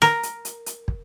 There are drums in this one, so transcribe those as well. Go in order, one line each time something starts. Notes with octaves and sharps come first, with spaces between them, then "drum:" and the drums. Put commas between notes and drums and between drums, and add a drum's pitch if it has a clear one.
A#4, drum: snare
drum: hi-hat
drum: hi-hat
drum: hi-hat
drum: kick